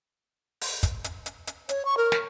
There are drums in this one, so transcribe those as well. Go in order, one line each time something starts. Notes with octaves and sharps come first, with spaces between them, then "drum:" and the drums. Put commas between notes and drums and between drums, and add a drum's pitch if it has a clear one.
drum: open hi-hat
drum: kick, hi-hat
drum: hi-hat
drum: hi-hat
drum: hi-hat
C#5, drum: hi-hat
C#6
A#4
drum: snare